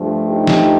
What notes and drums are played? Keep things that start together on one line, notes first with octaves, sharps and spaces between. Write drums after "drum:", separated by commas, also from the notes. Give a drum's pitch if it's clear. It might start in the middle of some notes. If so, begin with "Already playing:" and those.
Already playing: G2 F3 A3
D#4 G4
drum: snare